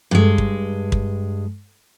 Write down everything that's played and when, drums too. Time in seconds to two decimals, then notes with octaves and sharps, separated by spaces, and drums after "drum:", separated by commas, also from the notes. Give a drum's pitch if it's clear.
0.11 G2 G#3
0.38 drum: kick
0.92 drum: kick